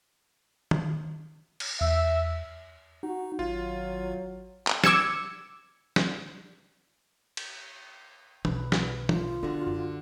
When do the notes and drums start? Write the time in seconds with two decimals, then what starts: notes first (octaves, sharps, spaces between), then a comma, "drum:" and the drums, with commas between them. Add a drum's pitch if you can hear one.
0.71 drum: tom
1.60 drum: cymbal
1.81 E2 E5 E6
3.03 D#4 F#4
3.39 G#1 F#3 F4
4.67 drum: clap
4.84 D6 E6 G#6 C#7 E7, drum: snare
5.96 drum: snare
7.37 drum: cymbal
8.45 B1 B4, drum: tom
8.72 drum: snare
9.09 F4, drum: tom
9.43 D3 B3 F#4
9.67 F#2